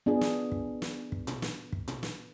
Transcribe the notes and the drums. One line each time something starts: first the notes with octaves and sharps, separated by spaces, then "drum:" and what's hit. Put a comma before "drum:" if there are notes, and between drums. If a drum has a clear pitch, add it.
B3 D4 F4 G#4
drum: snare
drum: kick
drum: snare
drum: kick
drum: tom A#2
drum: snare
drum: kick
drum: tom A#2
drum: snare